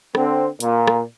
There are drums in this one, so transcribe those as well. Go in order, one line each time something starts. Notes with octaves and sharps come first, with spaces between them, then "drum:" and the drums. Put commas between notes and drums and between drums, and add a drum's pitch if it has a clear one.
D3 C4, drum: rim click
A#2, drum: hi-hat
drum: rim click